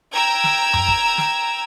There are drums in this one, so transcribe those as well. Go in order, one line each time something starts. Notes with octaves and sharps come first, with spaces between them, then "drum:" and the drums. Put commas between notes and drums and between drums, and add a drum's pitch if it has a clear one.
G5 A#5 E6 G#6
drum: snare
drum: tom F#2
drum: kick
drum: snare